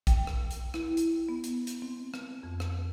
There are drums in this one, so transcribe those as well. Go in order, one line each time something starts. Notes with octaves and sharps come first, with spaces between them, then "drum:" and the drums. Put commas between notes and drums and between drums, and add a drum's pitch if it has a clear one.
G5, drum: kick A#1, hi-hat
drum: rim click
drum: hi-hat
E4, drum: rim click
drum: hi-hat
B3
drum: hi-hat
drum: hi-hat
C4
drum: rim click
F2
drum: rim click